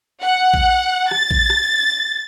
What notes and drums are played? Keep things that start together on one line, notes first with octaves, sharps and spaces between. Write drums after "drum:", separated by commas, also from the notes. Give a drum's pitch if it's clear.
F#5
drum: kick A#1
A6, drum: rim click
drum: kick A#1
drum: rim click